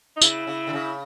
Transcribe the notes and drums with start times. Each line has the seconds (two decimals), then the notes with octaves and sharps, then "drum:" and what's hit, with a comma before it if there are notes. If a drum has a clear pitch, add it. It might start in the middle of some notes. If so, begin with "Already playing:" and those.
0.16 D#4
0.22 C#3 E4, drum: tambourine
0.47 C#3
0.67 D3
0.73 C#3